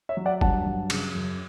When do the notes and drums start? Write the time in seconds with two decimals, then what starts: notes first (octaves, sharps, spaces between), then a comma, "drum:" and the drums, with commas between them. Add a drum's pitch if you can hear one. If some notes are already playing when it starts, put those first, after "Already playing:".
0.09 C#5 E5
0.17 F#3
0.26 D5 F#5
0.41 G2 F#5 A5, drum: kick G1
0.66 F#3
0.90 C#3, drum: cymbal
1.15 F#2